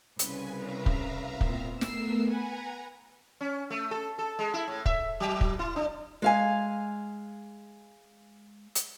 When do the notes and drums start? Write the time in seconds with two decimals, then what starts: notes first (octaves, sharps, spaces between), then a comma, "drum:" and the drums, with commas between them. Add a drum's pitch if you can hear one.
0.19 C2 C#3 B4 G#5, drum: hi-hat
0.54 E5 F5 A#5
0.86 drum: kick
1.41 A#2 B3 C4, drum: kick
1.81 A3 B3 A#4 E6 C7, drum: snare
2.28 B4 F#5 G#5 A#5
3.41 C#4
3.70 A3
3.91 A4
4.19 A4
4.39 G#3
4.54 E4
4.68 A2
4.86 E5, drum: kick
5.20 F#3
5.41 drum: kick
5.59 E4
5.76 D4
6.22 G#3 F5 G#5
8.75 drum: hi-hat